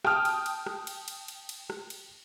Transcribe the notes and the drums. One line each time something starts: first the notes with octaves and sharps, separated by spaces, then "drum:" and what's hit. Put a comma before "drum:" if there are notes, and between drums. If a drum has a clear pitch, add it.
G5 A5 D#6 F6, drum: rim click
drum: cymbal
drum: cymbal
drum: rim click
drum: cymbal
drum: cymbal
drum: cymbal
drum: cymbal
drum: rim click
drum: cymbal